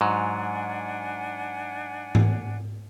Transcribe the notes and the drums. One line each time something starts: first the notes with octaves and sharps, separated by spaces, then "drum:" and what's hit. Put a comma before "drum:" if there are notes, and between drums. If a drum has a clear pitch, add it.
G#2 F#3 D4 F#5 G#5
drum: tom G#2